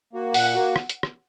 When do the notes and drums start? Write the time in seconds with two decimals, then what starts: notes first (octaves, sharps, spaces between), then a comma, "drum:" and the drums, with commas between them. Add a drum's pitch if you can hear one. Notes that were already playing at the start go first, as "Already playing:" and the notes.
0.13 A#3 F#4
0.34 A#2 F#5, drum: open hi-hat
0.55 A#3 F#4
0.76 drum: rim click
0.89 drum: hi-hat
1.03 drum: rim click